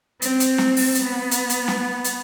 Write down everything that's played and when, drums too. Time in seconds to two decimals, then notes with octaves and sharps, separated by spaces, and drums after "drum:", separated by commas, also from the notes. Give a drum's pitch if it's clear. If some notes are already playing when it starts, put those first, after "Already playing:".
0.22 C4, drum: hi-hat
0.40 drum: hi-hat
0.58 drum: snare
0.77 drum: open hi-hat
0.95 drum: hi-hat
1.04 B3
1.31 drum: hi-hat
1.50 drum: hi-hat
1.68 drum: snare
2.04 drum: hi-hat